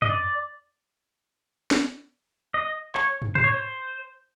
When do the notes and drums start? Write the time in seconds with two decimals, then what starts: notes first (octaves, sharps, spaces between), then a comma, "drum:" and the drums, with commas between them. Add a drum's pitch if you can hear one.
0.02 D#5, drum: tom
0.10 D5
1.71 drum: snare
2.54 D#5
2.95 C#5, drum: clap
3.22 drum: tom
3.35 C5, drum: tom
3.44 C#5
3.54 C5